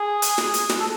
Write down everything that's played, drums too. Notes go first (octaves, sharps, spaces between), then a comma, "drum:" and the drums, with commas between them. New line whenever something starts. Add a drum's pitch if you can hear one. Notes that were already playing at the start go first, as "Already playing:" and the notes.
Already playing: G#4
drum: hi-hat
drum: snare
drum: hi-hat
drum: snare
A4